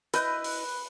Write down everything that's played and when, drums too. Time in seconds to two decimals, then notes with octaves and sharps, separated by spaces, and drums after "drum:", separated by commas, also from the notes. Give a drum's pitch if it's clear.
0.14 E4 B4 D#5 G6, drum: hi-hat
0.44 drum: open hi-hat